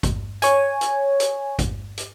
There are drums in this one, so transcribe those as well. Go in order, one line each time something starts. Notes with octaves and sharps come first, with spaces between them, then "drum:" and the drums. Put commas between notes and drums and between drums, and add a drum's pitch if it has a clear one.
drum: kick G#1, hi-hat
C#5 G#5, drum: hi-hat
drum: hi-hat
drum: hi-hat
drum: kick G#1, hi-hat
drum: hi-hat